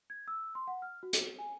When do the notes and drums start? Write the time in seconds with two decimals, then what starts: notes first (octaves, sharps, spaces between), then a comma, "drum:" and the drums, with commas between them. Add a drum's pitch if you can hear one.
0.10 G#6
0.28 E6
0.55 C6
0.67 F#5
0.82 F6
1.03 F#4
1.13 drum: hi-hat
1.39 G#5